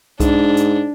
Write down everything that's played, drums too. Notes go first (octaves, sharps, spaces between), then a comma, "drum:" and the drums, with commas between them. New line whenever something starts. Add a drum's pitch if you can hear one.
G#2 D4, drum: kick C2, hi-hat
drum: hi-hat